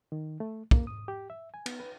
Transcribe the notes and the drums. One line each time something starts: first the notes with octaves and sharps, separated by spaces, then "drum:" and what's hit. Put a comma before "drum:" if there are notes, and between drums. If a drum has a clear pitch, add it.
D#3
A3
A#3, drum: kick
D#6
G4
E5
G#5
B3, drum: cymbal
B4